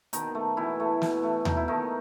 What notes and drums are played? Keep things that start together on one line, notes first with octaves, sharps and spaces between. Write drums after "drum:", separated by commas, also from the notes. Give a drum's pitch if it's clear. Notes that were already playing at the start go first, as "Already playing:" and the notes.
B2 D#3 D#4, drum: hi-hat
A3
B2 E3 E4
A3
B2, drum: snare
A3
B2 D#4, drum: tom D#2
E4
D#3 A3 D#4